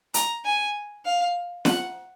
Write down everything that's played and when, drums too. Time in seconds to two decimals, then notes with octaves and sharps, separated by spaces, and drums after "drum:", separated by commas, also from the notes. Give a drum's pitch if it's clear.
0.14 A#5, drum: hi-hat
0.45 G#5
1.05 F5
1.65 F#5, drum: snare